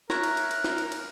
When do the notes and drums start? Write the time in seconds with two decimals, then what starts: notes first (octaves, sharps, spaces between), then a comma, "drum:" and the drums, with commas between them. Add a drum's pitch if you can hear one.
0.10 A#4 C#5 E5 A#5 F#6, drum: snare
0.23 drum: cymbal
0.37 drum: cymbal
0.51 drum: cymbal
0.64 drum: snare
0.78 drum: cymbal
0.92 drum: cymbal